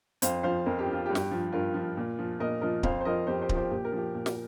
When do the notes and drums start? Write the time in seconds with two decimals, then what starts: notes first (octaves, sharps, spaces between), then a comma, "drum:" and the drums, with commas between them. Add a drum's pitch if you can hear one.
0.22 F2 C5 F5, drum: hi-hat
0.43 F3 C5 F5
0.66 F2 A#4
0.79 G4
0.87 F3
0.93 F4
1.06 G2 G4
1.15 drum: snare
1.31 F3
1.52 G2 F4 A#4
1.74 F3
1.97 A#2
2.19 F3
2.40 A#2 A#4 D#5
2.61 F3 A#4 D#5
2.83 F2 C5 F5, drum: kick D1
3.01 C5
3.05 F3 A#4 D#5
3.27 F2 G4 C5
3.42 G4 C5
3.49 F3, drum: kick D1
3.56 G4 C5
3.71 A#2 G4
3.85 A#4
3.92 F3
3.98 G4
4.15 A#2
4.26 drum: snare